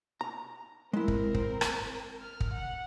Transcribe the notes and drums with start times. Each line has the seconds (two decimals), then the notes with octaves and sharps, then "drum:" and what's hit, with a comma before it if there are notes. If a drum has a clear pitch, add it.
0.21 A#5
0.93 G#3 C4 E4 A#4
1.08 drum: kick
1.35 C5, drum: kick
1.61 drum: rim click
2.21 F6
2.40 drum: kick
2.54 F#5